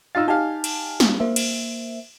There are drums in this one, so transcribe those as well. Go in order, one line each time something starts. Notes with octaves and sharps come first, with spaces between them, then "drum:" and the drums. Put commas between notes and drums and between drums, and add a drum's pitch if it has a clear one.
D#4 F4 F5 E6 A6
D#4 G4 F5 G#5 A5
drum: cymbal
drum: snare
A#3 C5 E5
drum: cymbal